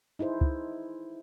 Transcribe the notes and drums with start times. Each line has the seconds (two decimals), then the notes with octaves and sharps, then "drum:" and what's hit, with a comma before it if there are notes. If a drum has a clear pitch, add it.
0.19 D#4 E4 G#4 C5
0.41 drum: kick